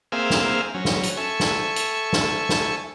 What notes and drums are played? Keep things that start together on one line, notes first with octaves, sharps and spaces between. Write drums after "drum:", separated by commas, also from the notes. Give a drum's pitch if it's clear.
A#3 C4 G#4 E5 F5
drum: snare
F#3 C#4
drum: snare
drum: hi-hat
A4 E5 G#5 C#6
drum: snare
drum: hi-hat
drum: snare
drum: snare